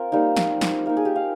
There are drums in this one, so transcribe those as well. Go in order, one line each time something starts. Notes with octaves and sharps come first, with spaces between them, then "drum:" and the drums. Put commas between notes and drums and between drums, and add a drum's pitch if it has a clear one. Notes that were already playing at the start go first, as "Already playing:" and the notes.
Already playing: C4 F4 A#4
G3 A#3 D#4
drum: snare
drum: snare
A#3 D#4 A#4
G#4
G4
F5